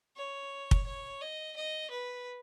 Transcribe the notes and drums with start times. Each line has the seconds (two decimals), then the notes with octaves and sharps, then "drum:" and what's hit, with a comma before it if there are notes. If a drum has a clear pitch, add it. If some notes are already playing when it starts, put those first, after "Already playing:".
0.17 C#5
0.71 drum: kick
0.86 C#5
1.21 D#5
1.56 D#5
1.90 B4